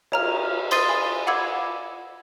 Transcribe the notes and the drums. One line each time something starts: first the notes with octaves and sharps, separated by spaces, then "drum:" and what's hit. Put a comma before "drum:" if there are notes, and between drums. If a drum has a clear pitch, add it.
C#5 A#5 F6, drum: cymbal
C5 C6 D#6 A6 C7 D#7, drum: cymbal
G#5 B5
F5 F#5 B5 D6 E6 G#6